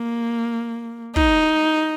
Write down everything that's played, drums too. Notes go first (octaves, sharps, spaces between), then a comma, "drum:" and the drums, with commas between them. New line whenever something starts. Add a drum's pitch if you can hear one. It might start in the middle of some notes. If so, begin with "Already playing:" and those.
Already playing: A#3
D#4, drum: kick